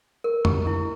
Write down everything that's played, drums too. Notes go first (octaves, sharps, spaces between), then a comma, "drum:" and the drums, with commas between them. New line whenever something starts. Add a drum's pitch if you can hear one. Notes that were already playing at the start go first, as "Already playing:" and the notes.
A#4
G4, drum: tom F2
E4